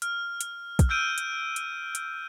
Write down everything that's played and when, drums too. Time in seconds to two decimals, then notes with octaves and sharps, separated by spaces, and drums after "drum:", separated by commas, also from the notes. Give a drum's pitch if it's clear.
0.02 F6, drum: hi-hat
0.41 drum: hi-hat
0.79 drum: kick, hi-hat
0.89 E6 F6 G6 D7 D#7
1.18 drum: hi-hat
1.56 drum: hi-hat
1.95 drum: hi-hat